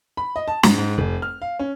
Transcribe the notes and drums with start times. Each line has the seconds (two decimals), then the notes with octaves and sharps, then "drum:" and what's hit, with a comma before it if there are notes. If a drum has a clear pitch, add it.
0.17 B5
0.36 D#5
0.48 A5
0.63 G#2, drum: snare
0.78 G#2
0.98 F1
1.22 F6
1.42 F5
1.59 C#4